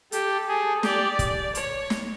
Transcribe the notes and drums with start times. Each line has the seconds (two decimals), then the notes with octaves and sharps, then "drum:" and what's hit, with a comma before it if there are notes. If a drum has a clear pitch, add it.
0.12 G4 A4, drum: hi-hat
0.48 G#4
0.83 G4 D5, drum: snare
1.19 drum: kick, hi-hat
1.55 C#5, drum: hi-hat
1.90 drum: snare